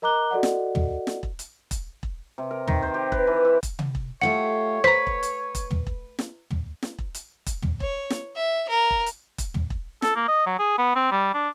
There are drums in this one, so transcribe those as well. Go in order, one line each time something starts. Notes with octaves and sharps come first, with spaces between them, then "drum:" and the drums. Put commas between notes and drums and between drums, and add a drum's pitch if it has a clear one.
A#4 D#5 A#5 D6 F#6 G7
F#4 A4 D5 D#5 F#5
drum: snare
drum: tom
drum: snare
drum: kick E1
drum: hi-hat
drum: kick E1, hi-hat
drum: kick E1
C3
A#4
D#3, drum: tom
C5
G4
B4, drum: kick E1
E3
E4
drum: kick E1, hi-hat
drum: tom C3
drum: kick E1
A3 F4 G4 C#5 F#5
B4 C5 A#5 B6
drum: kick E1
drum: hi-hat
drum: kick E1, hi-hat
drum: tom
drum: kick E1
drum: snare
drum: tom
drum: snare
drum: kick E1
drum: hi-hat
drum: kick E1, hi-hat
drum: tom
C#5, drum: kick E1
drum: snare
E5
A#4
drum: kick E1
drum: hi-hat
drum: kick E1, hi-hat
drum: tom
drum: kick E1
A4, drum: snare
A#3
D#5
F#3
G#4
B3
C4
G3
D4